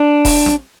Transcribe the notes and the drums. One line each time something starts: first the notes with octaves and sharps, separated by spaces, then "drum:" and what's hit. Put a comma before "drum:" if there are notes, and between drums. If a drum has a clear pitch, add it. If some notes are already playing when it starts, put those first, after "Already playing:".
Already playing: D4
drum: kick E1, open hi-hat
drum: snare